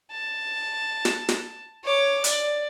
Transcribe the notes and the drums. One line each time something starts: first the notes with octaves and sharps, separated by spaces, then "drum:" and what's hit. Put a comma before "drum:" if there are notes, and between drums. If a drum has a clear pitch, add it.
A5
drum: snare
drum: snare
C#5 D6
D5, drum: hi-hat